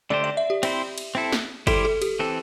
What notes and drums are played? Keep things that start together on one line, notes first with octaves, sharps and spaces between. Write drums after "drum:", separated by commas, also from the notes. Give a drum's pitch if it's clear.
D3 A3 D4 G4 C5 D5
D5
E5
G4
C4 E4 C5, drum: cymbal
drum: cymbal
C4 E4 A4
drum: snare
G3 E4 G4 A4 C5, drum: kick G1, cymbal
A4
G4, drum: cymbal
E3 C4 A4